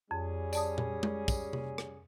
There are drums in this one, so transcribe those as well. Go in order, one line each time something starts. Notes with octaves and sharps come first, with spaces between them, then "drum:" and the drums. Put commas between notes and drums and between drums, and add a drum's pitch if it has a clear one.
F2 G3 C#4 G#4
D5 A5 D#6, drum: tambourine
drum: tom A#2
drum: tom G#3
drum: kick, tambourine
drum: tom C3
drum: rim click